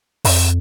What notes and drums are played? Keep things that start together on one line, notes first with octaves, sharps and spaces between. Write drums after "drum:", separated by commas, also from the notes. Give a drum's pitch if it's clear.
F2, drum: open hi-hat